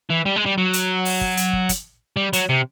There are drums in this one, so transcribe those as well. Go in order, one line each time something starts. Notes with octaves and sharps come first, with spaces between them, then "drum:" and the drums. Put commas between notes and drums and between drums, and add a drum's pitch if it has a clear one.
E3
G3
G#3
G3
F#3
drum: hi-hat
drum: open hi-hat
drum: kick
drum: hi-hat
drum: kick
drum: kick, hi-hat
G3
F#3, drum: hi-hat
C3